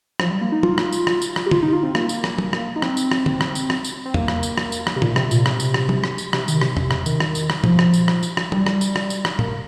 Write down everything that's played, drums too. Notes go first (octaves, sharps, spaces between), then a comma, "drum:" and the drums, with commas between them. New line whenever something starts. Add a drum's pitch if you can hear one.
F3, drum: rim click
G3
A#3
D#4
F4, drum: tom
drum: rim click
drum: tambourine
drum: rim click
drum: tambourine
drum: rim click
G4
F4, drum: tom
D#4
F4
C4
A#3, drum: rim click
drum: tambourine
drum: rim click
drum: tom
drum: rim click
D#4
C4, drum: rim click
drum: tambourine
drum: rim click
drum: tom
drum: rim click
drum: tambourine
drum: rim click
drum: tambourine
C4
A#3, drum: tom E2
drum: rim click
drum: tambourine
drum: rim click
drum: tambourine
drum: rim click
C3
A#2, drum: tom
C3, drum: rim click
A#2, drum: tambourine
C3, drum: rim click
drum: tambourine
drum: rim click
drum: tom
drum: rim click
drum: tambourine
C3, drum: rim click
D#3, drum: tambourine
C3, drum: rim click
drum: tom E2
C3, drum: rim click
D#3, drum: tambourine
drum: rim click
drum: tambourine
drum: rim click
F3, drum: tom
drum: rim click
drum: tambourine
drum: rim click
drum: tambourine
drum: rim click
G3, drum: tom
drum: rim click
drum: tambourine
drum: rim click
drum: tambourine
drum: rim click
A#3, drum: tom